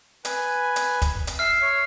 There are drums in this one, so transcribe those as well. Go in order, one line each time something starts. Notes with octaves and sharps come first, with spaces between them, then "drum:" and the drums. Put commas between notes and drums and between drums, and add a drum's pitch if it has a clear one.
B4 G#5, drum: hi-hat
drum: hi-hat
drum: kick, hi-hat
drum: hi-hat
E5 F6 C7
C#5